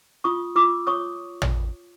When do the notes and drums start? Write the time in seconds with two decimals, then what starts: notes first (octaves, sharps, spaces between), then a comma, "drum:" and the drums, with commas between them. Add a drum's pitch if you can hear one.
0.24 F4 C#6 D#6
0.55 F4 D6 E6
0.87 C#5 C#6 D#6
1.42 drum: tom